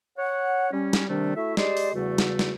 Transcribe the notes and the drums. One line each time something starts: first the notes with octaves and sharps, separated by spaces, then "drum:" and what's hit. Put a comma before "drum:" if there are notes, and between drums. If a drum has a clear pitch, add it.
C#5 F#5
G3 C#4
drum: snare
C3 D#3 G3 A3 D4
A3 E4 F#4 E5
G#3 G4 G#4 C5 D5, drum: snare
drum: open hi-hat
E2 C#3 G3 A3 F#4
drum: snare
drum: snare